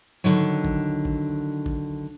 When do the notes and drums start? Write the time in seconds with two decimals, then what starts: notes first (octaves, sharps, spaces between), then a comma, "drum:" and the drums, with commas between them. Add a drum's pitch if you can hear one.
0.24 D3 D#3 F#3
0.65 drum: kick
1.05 drum: kick
1.66 drum: kick